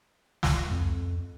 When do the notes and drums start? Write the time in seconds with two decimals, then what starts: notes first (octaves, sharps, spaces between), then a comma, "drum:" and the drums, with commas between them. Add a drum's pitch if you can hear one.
0.43 C#2, drum: snare
0.71 F2